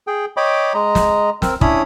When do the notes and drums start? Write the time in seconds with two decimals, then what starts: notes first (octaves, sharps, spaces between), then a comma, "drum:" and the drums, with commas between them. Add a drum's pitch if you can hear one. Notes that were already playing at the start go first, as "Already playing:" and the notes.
0.07 G#4 G5
0.37 C#5 D#5 G5 B5 D6
0.74 G#3 D#5 A#5
0.95 drum: snare
1.42 C4 A#4 E6, drum: snare
1.61 C#4 D4 E4 C#5 B5 D#6, drum: kick